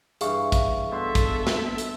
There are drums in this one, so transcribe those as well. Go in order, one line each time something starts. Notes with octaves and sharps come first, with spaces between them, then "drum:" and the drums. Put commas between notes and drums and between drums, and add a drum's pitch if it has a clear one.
G2 E3 G#4 F5 C#6, drum: hi-hat
drum: kick, hi-hat
B2 A4 E5 C6
drum: kick, hi-hat
drum: snare
drum: hi-hat